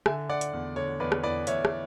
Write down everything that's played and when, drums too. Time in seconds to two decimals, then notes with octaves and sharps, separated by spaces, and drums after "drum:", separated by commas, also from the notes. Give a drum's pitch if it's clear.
0.06 D3 E5 G#5, drum: rim click
0.29 D3 D5 F#5
0.41 drum: hi-hat
0.53 E2
0.76 D3 C#5
1.00 E2 B4 D5
1.12 drum: rim click
1.23 E2 B4 D5
1.47 E2 C#5 E5, drum: hi-hat
1.65 drum: rim click